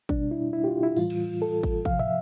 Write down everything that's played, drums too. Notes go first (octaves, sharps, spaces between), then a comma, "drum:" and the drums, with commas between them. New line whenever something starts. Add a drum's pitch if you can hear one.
B2 G3 D4, drum: kick
E4
E4
G4
F4
E4
A2 E3 G3 F4, drum: open hi-hat
drum: cymbal
A4
drum: kick
C3 F3 F5, drum: kick
E5, drum: tom